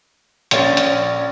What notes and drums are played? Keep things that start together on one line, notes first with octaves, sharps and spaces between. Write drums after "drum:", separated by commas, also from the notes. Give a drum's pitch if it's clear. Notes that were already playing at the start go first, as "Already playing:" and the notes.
A#1 C#4 A6, drum: hi-hat
drum: hi-hat